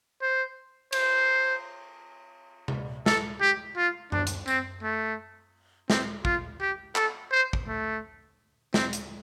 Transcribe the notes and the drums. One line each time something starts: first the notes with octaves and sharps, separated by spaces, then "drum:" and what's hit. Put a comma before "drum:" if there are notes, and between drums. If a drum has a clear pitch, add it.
C5
C5, drum: cymbal
drum: tom C3
A4, drum: snare
G4
F4
D4, drum: tom F#2
drum: hi-hat
C4, drum: tambourine
A3
C4, drum: snare
F4, drum: kick
G4
A4, drum: clap
C5
drum: kick
A3
C4, drum: snare
drum: hi-hat